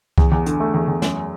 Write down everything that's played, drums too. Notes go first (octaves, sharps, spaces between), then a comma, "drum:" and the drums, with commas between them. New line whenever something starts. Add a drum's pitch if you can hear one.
E2, drum: kick C2
E2
D3, drum: hi-hat
A3
E2
E2
F#2, drum: snare